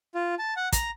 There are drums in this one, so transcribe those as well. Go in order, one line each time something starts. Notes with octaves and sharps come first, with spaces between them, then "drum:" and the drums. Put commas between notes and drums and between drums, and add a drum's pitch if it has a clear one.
F4
A5
F#5
A#5, drum: kick, hi-hat